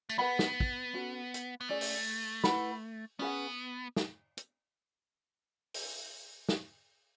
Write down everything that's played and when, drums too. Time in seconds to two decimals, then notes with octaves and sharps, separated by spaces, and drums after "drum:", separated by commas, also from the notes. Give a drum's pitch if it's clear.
0.09 A3, drum: tambourine
0.18 B3 G#4 B4 F#5 B5
0.39 drum: snare
0.60 drum: kick
0.93 C#4 F#4 A4
1.34 drum: hi-hat
1.61 B3
1.69 A3 C#4 G#4 D5
1.81 drum: open hi-hat
2.44 E4 B4 F#5 B5, drum: snare
3.19 B3 C#4 G#4 B4 F#5
3.96 drum: snare
4.37 drum: hi-hat
5.74 drum: open hi-hat
6.49 drum: snare